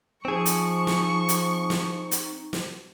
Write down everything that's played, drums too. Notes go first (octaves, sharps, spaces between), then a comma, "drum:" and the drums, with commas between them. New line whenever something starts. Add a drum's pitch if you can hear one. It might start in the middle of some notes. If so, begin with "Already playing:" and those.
F3 C4 D#4 G#4 C#6
drum: hi-hat
drum: snare
drum: hi-hat
drum: snare
drum: hi-hat
drum: snare